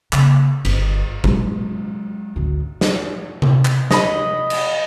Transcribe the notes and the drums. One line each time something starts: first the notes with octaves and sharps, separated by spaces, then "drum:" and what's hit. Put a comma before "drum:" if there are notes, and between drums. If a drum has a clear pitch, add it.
C#3 A#3, drum: clap
G1, drum: cymbal
F#3 G#3, drum: kick
G#1 D2
drum: snare
drum: tom C3
drum: clap
D#5 B5, drum: snare
drum: cymbal